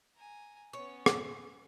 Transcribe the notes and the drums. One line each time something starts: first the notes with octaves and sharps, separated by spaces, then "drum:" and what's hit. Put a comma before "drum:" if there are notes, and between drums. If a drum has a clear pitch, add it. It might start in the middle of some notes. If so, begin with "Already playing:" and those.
G#5 A#5
B3 C#4 C#5
drum: rim click